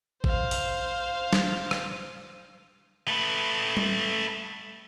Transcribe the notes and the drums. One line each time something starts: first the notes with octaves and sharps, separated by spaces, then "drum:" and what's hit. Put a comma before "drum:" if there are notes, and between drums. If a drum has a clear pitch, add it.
C5 F5, drum: kick A1
drum: open hi-hat
drum: snare
drum: rim click
A3 B4
drum: tom G3